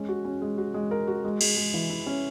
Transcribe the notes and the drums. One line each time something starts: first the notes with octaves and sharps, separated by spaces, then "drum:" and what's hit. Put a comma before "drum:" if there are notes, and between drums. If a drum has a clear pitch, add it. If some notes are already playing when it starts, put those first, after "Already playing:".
Already playing: G#3 C#4
F#4
C#4
G#3
F#4
G#3
A#4
F#4
G#3
G#3, drum: cymbal
G#3
E3
E4
C#4